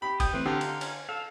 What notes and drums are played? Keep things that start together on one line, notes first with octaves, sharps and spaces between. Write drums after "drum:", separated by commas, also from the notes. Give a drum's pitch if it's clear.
G4 B5
G5 D#6, drum: kick, cymbal
E3 A3 C4 B4
D3 G4 F5 A#5 C6
drum: cymbal
C#4, drum: cymbal
A4 F5